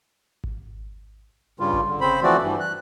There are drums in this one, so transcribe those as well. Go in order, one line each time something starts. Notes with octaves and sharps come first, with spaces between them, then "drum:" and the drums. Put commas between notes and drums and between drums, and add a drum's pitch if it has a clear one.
drum: kick G#1
G2 C#3 G3 F4
drum: kick G#1
D3
C#3 C4 C5 B5
E3 F3 A3 C4 F#4 D5
G2 E3
F#6